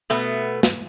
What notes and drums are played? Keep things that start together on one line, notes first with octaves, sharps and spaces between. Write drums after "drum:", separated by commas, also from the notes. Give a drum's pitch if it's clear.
B2 A3 B3
drum: snare